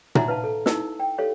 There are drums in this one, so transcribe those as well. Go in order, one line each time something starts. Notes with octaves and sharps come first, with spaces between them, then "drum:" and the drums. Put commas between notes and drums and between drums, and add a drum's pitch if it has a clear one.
D#4 C#5 E5 F#5 A#5 C6, drum: tom A#2
B4 F5 A5
A4
D#4 E4 E6, drum: snare
G5
G4 A4 C#5 F5